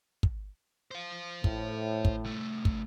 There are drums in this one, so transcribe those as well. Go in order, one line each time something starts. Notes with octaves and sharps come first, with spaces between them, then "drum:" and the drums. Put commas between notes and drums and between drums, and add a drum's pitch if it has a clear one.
drum: kick
C5 F5
A2, drum: kick
drum: kick
C2 A3
drum: kick